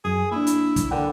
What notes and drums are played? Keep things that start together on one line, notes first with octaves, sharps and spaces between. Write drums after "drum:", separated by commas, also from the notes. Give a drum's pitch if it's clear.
F#2 G#4
A#3 D4 E4
drum: hi-hat
drum: kick, hi-hat
D3 A#4 F#5 G5